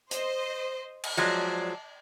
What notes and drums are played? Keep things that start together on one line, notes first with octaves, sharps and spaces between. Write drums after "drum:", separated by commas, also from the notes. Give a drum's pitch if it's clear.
C5 D#5, drum: hi-hat
drum: cymbal
F3 F#3 G#3 D5 A5